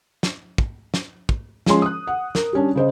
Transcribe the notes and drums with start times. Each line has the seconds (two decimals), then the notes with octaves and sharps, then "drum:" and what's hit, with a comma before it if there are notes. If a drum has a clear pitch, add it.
0.23 drum: snare
0.58 drum: kick
0.94 drum: snare
1.29 drum: kick
1.66 F3 G#3 C#4 C6, drum: snare
1.82 D#6 F#6
2.07 F#5
2.35 A#4, drum: snare
2.53 G3 C#4 D4
2.76 C#3 C5 D#5